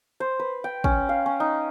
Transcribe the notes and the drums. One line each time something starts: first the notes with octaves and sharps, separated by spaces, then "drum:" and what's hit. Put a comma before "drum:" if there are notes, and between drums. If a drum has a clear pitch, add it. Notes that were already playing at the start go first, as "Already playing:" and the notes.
C5
B4
G5
C#4, drum: kick
F5
C#4
D#4